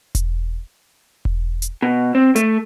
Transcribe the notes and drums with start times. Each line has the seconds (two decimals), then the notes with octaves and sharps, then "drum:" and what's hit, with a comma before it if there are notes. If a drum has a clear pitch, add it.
0.15 drum: kick E1, hi-hat
1.25 drum: kick E1
1.62 drum: hi-hat
1.82 B2
2.15 C4
2.36 A3, drum: hi-hat